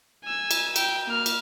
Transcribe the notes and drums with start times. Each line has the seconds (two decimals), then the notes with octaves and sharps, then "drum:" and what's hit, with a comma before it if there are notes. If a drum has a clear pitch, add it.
0.24 G#5 E6
0.51 drum: cymbal
0.76 G5, drum: cymbal
1.07 A#3 F6
1.26 drum: cymbal